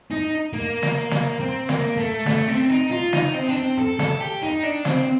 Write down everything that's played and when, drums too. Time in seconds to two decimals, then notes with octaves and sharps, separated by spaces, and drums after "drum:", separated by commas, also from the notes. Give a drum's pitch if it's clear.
0.11 D#4
0.53 A#3
0.83 drum: snare
1.11 drum: snare
1.40 C4
1.69 A#3, drum: snare
1.97 A3
2.26 A3, drum: snare
2.48 C4
2.70 D#4
2.91 F4
3.13 D#4, drum: snare
3.34 C4
3.48 D4
3.56 C4
3.77 A4
3.99 A4, drum: snare
4.20 G4
4.43 D#4
4.63 D4
4.85 C4, drum: snare